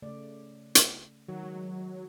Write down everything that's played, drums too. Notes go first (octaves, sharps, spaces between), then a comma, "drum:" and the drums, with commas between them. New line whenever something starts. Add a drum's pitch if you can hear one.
C#3 A3 D5
drum: hi-hat
D#3 F#3 F#4
G#3